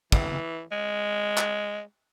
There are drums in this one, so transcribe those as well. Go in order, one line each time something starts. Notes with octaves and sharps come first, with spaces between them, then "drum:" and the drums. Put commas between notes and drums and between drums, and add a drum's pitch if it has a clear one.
E3, drum: kick
G#3
drum: clap